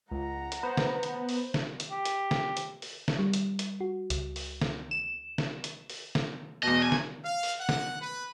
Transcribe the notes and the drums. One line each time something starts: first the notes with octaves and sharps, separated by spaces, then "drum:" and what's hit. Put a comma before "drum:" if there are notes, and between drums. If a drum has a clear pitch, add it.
C#2 F#5 A#5
drum: hi-hat
B3 C5
drum: snare
drum: hi-hat
drum: open hi-hat
drum: snare
drum: hi-hat
G4
drum: hi-hat
drum: snare
drum: hi-hat
drum: open hi-hat
drum: snare
G3
drum: hi-hat
drum: hi-hat
F#4
C#2, drum: hi-hat
drum: open hi-hat
drum: snare
E7
drum: snare
drum: hi-hat
drum: open hi-hat
drum: snare
E2 B2 D#5
G#5
drum: snare
F5
drum: open hi-hat
F#5
drum: snare
B4